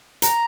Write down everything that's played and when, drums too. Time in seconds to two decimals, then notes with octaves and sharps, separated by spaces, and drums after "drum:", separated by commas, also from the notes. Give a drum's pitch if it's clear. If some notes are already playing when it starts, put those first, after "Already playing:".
0.22 A#5, drum: hi-hat